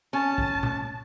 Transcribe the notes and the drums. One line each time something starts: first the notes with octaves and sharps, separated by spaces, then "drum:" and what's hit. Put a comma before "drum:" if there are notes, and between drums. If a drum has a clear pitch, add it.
C#4 A5
drum: kick
drum: tom A#2